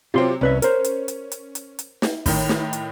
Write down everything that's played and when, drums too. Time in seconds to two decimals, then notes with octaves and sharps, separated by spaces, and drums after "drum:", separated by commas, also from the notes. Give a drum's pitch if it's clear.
0.14 C3 F#3 C4 F4 C6
0.41 C2 C#4 B4 E5
0.62 A#4 C5, drum: hi-hat
0.84 drum: hi-hat
1.08 drum: hi-hat
1.32 drum: hi-hat
1.55 drum: hi-hat
1.79 drum: hi-hat
2.02 drum: snare
2.26 A2 D#3, drum: kick, open hi-hat
2.49 drum: snare
2.73 drum: hi-hat